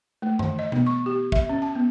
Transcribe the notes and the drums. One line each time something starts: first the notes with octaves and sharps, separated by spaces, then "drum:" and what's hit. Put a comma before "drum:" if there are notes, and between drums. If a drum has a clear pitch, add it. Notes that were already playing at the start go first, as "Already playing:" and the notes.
A3
E3, drum: tom F#2
D#5
B3, drum: tom B2
C#6
G4
E5, drum: kick
C#4
A5
B3